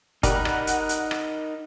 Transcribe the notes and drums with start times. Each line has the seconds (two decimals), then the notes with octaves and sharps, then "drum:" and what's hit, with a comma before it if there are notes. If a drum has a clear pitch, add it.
0.23 G3 D#4 A#4 D5 F#5 A#5 B5, drum: kick, hi-hat
0.45 drum: rim click
0.67 drum: hi-hat
0.89 drum: hi-hat
1.11 drum: rim click